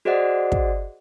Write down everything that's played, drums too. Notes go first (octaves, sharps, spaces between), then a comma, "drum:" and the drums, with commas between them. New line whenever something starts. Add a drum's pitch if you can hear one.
F#4 G#4 C5 D5 D#5 F#5
drum: kick